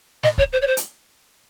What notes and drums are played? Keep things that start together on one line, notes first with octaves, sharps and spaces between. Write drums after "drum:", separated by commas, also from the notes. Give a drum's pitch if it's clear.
D#5, drum: snare
C#5, drum: kick
C5
C#5
C5
drum: hi-hat